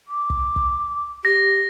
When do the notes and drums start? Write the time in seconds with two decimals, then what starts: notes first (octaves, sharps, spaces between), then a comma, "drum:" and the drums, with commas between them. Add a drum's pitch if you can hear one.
0.08 D6
0.30 drum: kick
0.56 drum: kick
1.25 G4 A#6